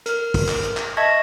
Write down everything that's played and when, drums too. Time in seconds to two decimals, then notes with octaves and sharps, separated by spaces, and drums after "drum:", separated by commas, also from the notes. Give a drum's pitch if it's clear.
0.06 A#4 F6, drum: hi-hat
0.34 drum: kick, open hi-hat
0.49 drum: clap
0.63 drum: hi-hat
0.77 drum: clap
0.97 D#5 E5 A5 C#6 G#6 A#6